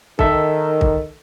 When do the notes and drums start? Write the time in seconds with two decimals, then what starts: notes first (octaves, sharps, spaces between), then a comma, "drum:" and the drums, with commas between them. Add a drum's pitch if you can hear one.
0.19 D#3 A4 E5, drum: kick
0.81 drum: kick